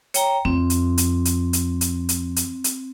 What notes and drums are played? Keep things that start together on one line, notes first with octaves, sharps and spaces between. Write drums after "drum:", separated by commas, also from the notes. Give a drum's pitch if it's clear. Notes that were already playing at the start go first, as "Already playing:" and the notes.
C#5 G5 A#5, drum: hi-hat
F2 C4
drum: hi-hat
drum: hi-hat
drum: hi-hat
drum: hi-hat
drum: hi-hat
drum: hi-hat
drum: hi-hat
drum: hi-hat